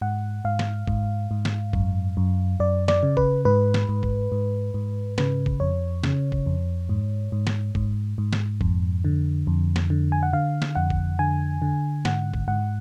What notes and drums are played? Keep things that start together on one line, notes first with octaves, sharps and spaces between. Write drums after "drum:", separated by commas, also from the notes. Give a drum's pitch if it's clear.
G#2 F#5
G#2 F5
drum: snare
G#2, drum: kick
G#2
drum: snare
F#2, drum: kick
F#2
F#2 D5
D5, drum: snare
C#3
B4, drum: kick
G#2 B4
drum: snare
G#2
drum: kick
G#2
G#2
C#3 B4, drum: snare
drum: kick
F2 C#5
C#3, drum: snare
drum: kick
F2
G#2
G#2
drum: snare
G#2, drum: kick
G#2
drum: snare
F2, drum: kick
D3
F2
drum: snare
D3
G#5
F#5
D3 F5
drum: snare
F2 F#5
drum: kick
D3 G#5
D3
G#2 F#5, drum: snare
drum: kick
G#2 F#5